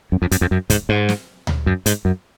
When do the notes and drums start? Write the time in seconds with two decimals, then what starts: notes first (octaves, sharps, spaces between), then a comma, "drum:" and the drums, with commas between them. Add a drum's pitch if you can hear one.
0.12 F#2
0.22 F2
0.31 F#2, drum: hi-hat
0.41 F2
0.51 F#2
0.70 G#2, drum: kick, hi-hat
0.89 G#2
1.09 drum: snare
1.47 drum: tom D2
1.66 F#2
1.86 G#2, drum: hi-hat
2.05 F#2